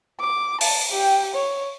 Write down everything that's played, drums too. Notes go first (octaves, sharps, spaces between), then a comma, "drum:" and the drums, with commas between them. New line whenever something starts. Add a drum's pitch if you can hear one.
D6
A5, drum: open hi-hat
G4 G5
C#5